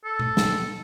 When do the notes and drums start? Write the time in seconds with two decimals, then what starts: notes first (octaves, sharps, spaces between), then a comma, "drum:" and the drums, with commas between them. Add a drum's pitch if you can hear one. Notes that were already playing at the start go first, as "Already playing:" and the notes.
0.05 A4
0.19 drum: tom B2
0.37 drum: snare